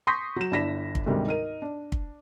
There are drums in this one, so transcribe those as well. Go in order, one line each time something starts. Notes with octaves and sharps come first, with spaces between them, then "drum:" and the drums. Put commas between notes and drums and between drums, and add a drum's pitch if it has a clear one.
C6 C#6 D#6 G6 A#6 B6
F#3 E7
G1 D4 E4 A#6 B6 E7
drum: kick
D2 G#2 C3 D#3 G3
D#4 A#4 D#7
D4
drum: kick